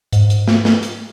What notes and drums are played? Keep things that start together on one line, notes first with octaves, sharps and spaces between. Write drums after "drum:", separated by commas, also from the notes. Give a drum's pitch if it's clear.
G#2, drum: hi-hat
drum: hi-hat
drum: snare
drum: snare
drum: hi-hat